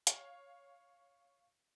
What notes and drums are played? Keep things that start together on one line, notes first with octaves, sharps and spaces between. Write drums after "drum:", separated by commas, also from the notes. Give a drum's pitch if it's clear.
C#5 F5, drum: hi-hat